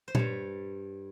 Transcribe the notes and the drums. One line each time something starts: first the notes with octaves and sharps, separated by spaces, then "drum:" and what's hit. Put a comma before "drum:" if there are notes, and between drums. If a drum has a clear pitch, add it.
C5
G2 G3 C#5, drum: tom A#2